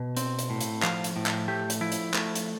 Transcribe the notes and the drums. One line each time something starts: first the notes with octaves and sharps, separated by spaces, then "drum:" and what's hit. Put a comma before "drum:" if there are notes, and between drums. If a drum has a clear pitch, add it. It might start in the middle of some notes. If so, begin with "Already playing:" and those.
Already playing: B2
C4, drum: hi-hat
drum: hi-hat
A2
drum: hi-hat
F3 F5, drum: clap
drum: hi-hat
A2
drum: clap
A3 G4
drum: hi-hat
F3 E4
drum: hi-hat
A3, drum: clap
drum: hi-hat